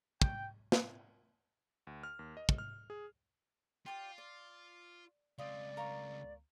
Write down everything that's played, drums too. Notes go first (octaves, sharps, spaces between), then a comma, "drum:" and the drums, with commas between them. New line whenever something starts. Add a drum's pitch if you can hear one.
G5, drum: kick
drum: snare
D2
F6
D#2
D#5
drum: kick
F6
G#4
F4 G4 D5 G5
D5
C#2 C4 F4 D5 D#5
A#4 F5 C#6